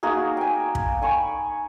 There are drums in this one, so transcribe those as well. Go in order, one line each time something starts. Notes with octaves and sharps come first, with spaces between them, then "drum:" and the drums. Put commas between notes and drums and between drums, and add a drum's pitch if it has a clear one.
A#3 D#4 F#4 G#4
G5 G#5
drum: kick
G5 G#5 B5 C#6